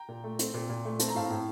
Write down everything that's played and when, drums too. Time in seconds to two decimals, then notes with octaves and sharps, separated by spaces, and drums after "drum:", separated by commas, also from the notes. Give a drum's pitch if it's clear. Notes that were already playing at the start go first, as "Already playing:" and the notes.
Already playing: G5 A#5
0.09 A#2
0.24 A3
0.39 C4, drum: hi-hat
0.54 A#2
0.69 A#2
0.85 A3
0.99 C4 A5, drum: hi-hat
1.08 A#5
1.15 A2 F5 A5
1.30 A2